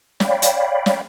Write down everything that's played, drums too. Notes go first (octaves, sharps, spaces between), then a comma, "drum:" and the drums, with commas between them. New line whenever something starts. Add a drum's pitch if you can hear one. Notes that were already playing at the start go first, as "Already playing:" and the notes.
C#5 D5 F5 G5 B5, drum: snare
drum: hi-hat
drum: snare